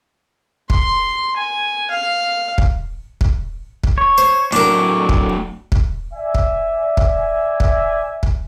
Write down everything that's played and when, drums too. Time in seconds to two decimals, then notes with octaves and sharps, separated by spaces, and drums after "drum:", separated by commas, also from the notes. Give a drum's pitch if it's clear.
0.70 C6, drum: kick
1.36 G#5
1.91 F5
2.58 drum: kick
3.21 drum: kick
3.84 drum: kick
3.98 C#5
4.18 C5
4.52 A2 F#3 D4 A#4
5.09 drum: kick
5.72 drum: kick
6.14 D5 E5 G#5
6.35 drum: kick
6.97 drum: kick
7.60 drum: kick
8.23 drum: kick